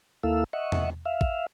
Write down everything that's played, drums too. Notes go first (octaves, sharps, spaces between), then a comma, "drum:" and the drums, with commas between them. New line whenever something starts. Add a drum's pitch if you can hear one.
D#2 A#3 E4 A4 F5 E6
D#5 E5 F#5 C#6
drum: tom E2
E5 F5
drum: kick